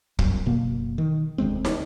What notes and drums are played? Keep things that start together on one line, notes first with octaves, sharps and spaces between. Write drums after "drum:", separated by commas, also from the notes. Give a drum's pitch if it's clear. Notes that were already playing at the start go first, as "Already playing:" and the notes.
G1 F#2, drum: kick
F#1 B2 A#3
D#3
E1 D2 G#3 C4
drum: snare